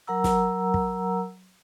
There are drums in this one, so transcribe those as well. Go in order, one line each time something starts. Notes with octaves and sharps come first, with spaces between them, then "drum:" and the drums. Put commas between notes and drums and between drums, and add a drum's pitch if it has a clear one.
F#3 A#4 F#5 A#5 E6
drum: snare
drum: kick